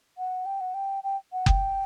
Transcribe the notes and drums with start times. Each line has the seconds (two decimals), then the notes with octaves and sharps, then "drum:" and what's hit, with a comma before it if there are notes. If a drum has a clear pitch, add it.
0.18 F#5
0.46 G5
0.61 F#5
0.74 G5
1.04 G5
1.33 F#5
1.46 G5, drum: kick F#1